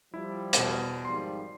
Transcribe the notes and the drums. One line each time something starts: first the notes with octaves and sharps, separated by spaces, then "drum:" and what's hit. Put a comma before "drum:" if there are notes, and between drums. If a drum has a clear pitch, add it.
F3 G3 E4
E2 B2, drum: hi-hat
G#1 F3 G3 C6